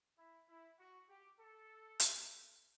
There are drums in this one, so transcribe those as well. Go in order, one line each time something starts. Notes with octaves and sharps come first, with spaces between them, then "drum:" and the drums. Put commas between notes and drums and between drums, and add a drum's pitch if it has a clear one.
E4
E4
F#4
G4
A4
drum: hi-hat